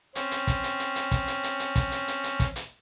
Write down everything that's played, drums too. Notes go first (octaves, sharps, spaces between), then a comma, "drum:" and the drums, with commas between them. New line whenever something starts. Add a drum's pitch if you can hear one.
C4 C#4, drum: hi-hat
drum: hi-hat
drum: kick, hi-hat
drum: hi-hat
drum: hi-hat
drum: hi-hat
drum: kick, hi-hat
drum: hi-hat
drum: hi-hat
drum: hi-hat
drum: kick, hi-hat
drum: hi-hat
drum: hi-hat
drum: hi-hat
drum: kick, hi-hat
drum: hi-hat